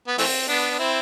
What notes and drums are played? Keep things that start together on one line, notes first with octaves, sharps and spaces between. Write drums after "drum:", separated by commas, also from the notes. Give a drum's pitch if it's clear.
B3
E3 A3 C4, drum: open hi-hat
B3 D4
D4
C4 E4